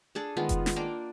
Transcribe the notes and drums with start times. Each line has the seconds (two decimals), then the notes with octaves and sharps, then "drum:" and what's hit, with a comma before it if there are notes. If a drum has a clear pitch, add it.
0.15 D4 G#4 A4
0.37 D#3 G#3 B3 F4
0.49 drum: kick F1, hi-hat
0.66 drum: snare
0.76 A#3 D4 A#4 G5